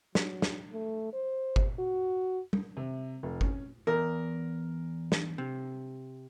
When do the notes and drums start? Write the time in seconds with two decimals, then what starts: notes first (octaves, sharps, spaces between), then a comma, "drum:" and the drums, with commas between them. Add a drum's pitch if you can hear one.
0.15 F#3, drum: snare
0.42 drum: snare
0.73 A3
1.13 C5
1.56 drum: kick G1
1.79 F#4
2.53 drum: tom
2.77 C3
3.23 F1
3.41 C#4, drum: kick G1
3.87 E2 A#4
5.12 drum: snare
5.38 C3